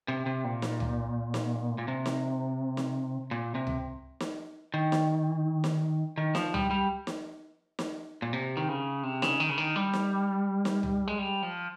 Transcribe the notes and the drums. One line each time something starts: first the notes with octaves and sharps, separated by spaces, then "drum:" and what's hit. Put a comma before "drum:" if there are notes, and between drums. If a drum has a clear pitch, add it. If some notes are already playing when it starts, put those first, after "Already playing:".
C3
C3
A#2
drum: snare
drum: tom C#2
drum: snare
A#2
C3
drum: snare
drum: snare
A#2
C3
drum: tom C#2
drum: snare
D#3
drum: snare
drum: snare
D#3
F3, drum: snare
G3, drum: tom C#2
G3
drum: snare
drum: snare
A#2
C3
D#3
C#3
C3
C#3, drum: snare
D#3
C#3
D#3
G3
drum: snare
drum: snare
drum: tom C#2
G#3
G3
F3